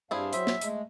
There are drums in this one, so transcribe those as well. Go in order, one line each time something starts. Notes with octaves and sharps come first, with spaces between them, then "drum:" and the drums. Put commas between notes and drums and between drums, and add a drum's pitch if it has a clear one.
G2 C4 D4 E4 G#4 F5
F#3 C5 E5, drum: hi-hat
drum: snare
G#3 A3, drum: hi-hat